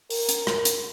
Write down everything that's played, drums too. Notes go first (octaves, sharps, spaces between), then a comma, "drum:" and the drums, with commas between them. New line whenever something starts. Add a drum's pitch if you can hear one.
A#4, drum: open hi-hat
drum: hi-hat
drum: rim click
drum: hi-hat